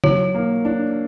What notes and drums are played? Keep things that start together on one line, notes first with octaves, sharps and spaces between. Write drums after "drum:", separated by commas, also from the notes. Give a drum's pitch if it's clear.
F#3 C#5, drum: tom
A#3
D4